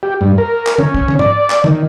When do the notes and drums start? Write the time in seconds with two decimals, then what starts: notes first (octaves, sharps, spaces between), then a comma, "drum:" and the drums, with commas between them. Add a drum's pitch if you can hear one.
0.03 G4
0.21 G2
0.38 A#4
0.67 drum: clap
0.78 C#4, drum: tom
0.94 drum: kick
1.08 drum: tom
1.19 D5, drum: tom G#2
1.50 drum: clap
1.64 D#3, drum: tom